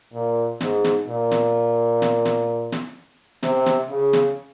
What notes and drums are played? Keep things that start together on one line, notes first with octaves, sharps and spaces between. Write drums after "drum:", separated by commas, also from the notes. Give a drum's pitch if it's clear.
A#2
G#2, drum: snare
drum: snare
A#2
drum: snare
drum: snare
drum: snare
drum: snare
C3, drum: snare
drum: snare
C#3
drum: snare